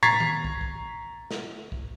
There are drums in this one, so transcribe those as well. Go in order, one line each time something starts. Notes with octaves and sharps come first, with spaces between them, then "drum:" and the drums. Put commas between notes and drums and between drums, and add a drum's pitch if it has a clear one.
A#5 C#6 G#6 A6 B6 C7, drum: tom
drum: tom D#3
drum: kick
drum: kick
drum: snare
drum: kick